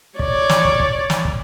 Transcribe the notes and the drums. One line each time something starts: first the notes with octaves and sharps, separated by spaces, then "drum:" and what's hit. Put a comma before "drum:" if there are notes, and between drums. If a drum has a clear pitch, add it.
C#5 D5, drum: kick
drum: snare
drum: kick
drum: kick
drum: snare
drum: kick